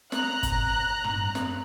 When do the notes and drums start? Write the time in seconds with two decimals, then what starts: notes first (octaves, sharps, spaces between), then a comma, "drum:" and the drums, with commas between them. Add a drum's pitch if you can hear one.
0.12 A#5 F#6, drum: snare
0.43 drum: kick G1, hi-hat
1.04 drum: tom
1.35 drum: snare